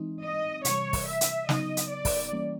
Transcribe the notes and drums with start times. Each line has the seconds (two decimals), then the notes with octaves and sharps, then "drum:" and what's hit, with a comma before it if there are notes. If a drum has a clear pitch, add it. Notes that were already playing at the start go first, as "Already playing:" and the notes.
Already playing: E3 G#3 C4 D#4
0.23 D#5
0.65 C3 E3 G3 C#5, drum: hi-hat
0.93 drum: kick, open hi-hat
1.07 E5
1.21 drum: hi-hat
1.49 C#3 F#3 B3 D#4 D#5, drum: snare
1.77 drum: hi-hat
1.91 D5
2.05 drum: kick, open hi-hat
2.33 E3 G3 A#3 C#4